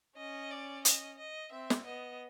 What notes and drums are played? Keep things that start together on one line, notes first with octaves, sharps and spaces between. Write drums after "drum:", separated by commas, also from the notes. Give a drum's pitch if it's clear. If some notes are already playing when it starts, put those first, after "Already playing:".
C#4 D#5
D5
D#5, drum: hi-hat
D#5
C4 E5
drum: snare
B3 D#5